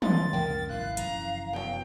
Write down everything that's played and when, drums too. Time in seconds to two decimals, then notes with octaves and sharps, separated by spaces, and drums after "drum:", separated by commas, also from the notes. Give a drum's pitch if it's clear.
0.02 C6 A6, drum: tom
0.33 C#2 F#2 C#3 A#4 G5
0.68 A1 G#2 E3 F5 F#6
0.97 F1 F#2 E3 A#5, drum: hi-hat
1.53 F#3 B3 G5